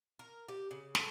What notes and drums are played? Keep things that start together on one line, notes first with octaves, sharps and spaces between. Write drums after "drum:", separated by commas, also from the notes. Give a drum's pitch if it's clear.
A#4
G4
C#3
A4, drum: snare